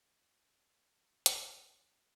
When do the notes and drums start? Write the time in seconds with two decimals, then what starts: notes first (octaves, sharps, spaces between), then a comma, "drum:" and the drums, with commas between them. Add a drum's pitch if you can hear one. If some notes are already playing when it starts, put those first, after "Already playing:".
1.26 D4 D#4 A#4 F5 C6 G#6, drum: hi-hat